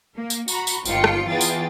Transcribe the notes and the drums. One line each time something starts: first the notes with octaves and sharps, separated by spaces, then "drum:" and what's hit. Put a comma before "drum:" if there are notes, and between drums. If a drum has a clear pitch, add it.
A#3
drum: tambourine
F#4 A#5 B5, drum: tambourine
drum: tambourine
G1 D#2 F4 G5 C#7, drum: tambourine
drum: rim click
E2 E3 F4 G#4 G5 A6
drum: tambourine